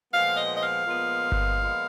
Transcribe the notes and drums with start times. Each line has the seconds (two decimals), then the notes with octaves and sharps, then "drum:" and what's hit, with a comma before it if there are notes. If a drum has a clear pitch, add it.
0.13 A#2 F3 G#3 B3 F5
0.36 D#5
0.56 D#5
0.62 F5
0.87 A#2 F3 G#3 B3
1.32 drum: kick G1
1.60 A#2 F3 G#3 B3